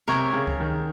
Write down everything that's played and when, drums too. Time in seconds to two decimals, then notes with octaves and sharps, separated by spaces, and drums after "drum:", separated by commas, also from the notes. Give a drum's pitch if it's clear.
0.08 C3 A#4 C#5 G#5
0.33 C#3
0.47 drum: kick C#2
0.60 D#3